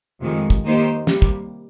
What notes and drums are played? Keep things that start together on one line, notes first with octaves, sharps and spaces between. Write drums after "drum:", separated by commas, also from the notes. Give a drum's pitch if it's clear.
F2 C3 D#3 G#3
drum: kick
D#3 A#3 D#4 G4 C5
C3 G3 A#3, drum: snare
drum: kick